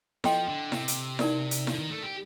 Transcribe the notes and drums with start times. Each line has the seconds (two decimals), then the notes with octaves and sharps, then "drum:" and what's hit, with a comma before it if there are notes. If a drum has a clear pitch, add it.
0.24 F3 A4 D#5 G5 C6, drum: snare E4
0.48 D3
0.72 C3, drum: snare E4
0.88 drum: hi-hat
1.19 D#4 A#4 D5, drum: snare E4
1.51 drum: hi-hat
1.67 D3, drum: snare E4
1.79 D#3
1.91 A3
2.03 G4